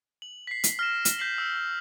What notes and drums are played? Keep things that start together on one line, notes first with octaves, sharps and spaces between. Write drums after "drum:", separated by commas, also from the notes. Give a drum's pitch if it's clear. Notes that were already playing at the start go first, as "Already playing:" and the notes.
F#7
B6 C7
drum: hi-hat
F6 A#6 E7
drum: hi-hat
G6 B6 C7 F#7
E6